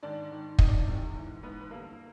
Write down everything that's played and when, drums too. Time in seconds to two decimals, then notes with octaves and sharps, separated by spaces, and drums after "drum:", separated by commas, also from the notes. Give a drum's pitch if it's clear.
0.03 G#2 D#3 D4 D5
0.31 G#2 D#3
0.59 E2 C3 D#3 D#4 D#5, drum: kick
0.68 D4 D5
0.87 E2 C3 D#3
1.15 G#2 E3
1.43 G#2 E3 B3 B4
1.61 B4
1.71 G2 D3 A#3 A#4